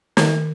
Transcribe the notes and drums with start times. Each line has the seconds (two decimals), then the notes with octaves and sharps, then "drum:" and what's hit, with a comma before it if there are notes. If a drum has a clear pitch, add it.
0.17 D#3, drum: snare